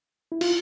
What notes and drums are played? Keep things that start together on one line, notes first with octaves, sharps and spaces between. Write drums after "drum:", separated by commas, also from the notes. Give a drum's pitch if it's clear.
E4
F4, drum: cymbal